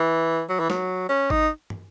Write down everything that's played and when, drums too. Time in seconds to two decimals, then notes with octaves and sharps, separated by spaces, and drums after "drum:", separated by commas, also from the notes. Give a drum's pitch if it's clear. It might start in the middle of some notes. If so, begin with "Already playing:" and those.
Already playing: E3
0.49 F#3
0.59 E3
0.70 F#3, drum: snare
1.09 C#4
1.30 D#4, drum: kick G#1
1.70 drum: tom